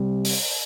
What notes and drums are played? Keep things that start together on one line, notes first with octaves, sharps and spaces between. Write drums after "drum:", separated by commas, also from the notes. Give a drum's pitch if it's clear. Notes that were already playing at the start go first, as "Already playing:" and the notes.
Already playing: C3 G3
drum: open hi-hat